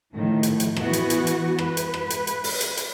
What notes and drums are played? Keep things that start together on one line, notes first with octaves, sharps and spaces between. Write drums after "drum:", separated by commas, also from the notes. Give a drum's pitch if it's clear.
A2 D#3 F3
drum: hi-hat
drum: hi-hat
E3 B3 F#4, drum: rim click
drum: hi-hat
drum: hi-hat
drum: hi-hat
B4, drum: rim click
drum: hi-hat
drum: rim click
drum: hi-hat
drum: hi-hat
drum: open hi-hat
drum: hi-hat
drum: hi-hat